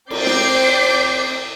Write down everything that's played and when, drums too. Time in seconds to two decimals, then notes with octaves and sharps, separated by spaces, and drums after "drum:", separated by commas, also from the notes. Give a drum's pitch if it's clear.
0.10 C4 D5 D6 G6 C7, drum: cymbal
0.26 drum: snare